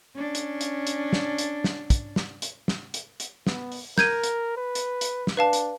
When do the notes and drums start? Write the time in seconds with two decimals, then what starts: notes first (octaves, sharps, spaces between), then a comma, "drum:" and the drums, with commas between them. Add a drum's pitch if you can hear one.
0.15 C#4 D4
0.35 drum: hi-hat
0.61 drum: hi-hat
0.87 drum: hi-hat
1.13 drum: snare
1.38 drum: hi-hat
1.64 drum: snare
1.90 drum: kick, hi-hat
2.16 drum: snare
2.42 drum: hi-hat
2.68 drum: snare
2.94 drum: hi-hat
3.20 drum: hi-hat
3.47 B3, drum: snare
3.72 drum: open hi-hat
3.98 A#4 G6 G#6 D#7, drum: snare
4.24 drum: hi-hat
4.57 B4
4.75 drum: hi-hat
5.01 drum: hi-hat
5.27 drum: snare
5.37 D4 B4 F5 A5
5.53 drum: hi-hat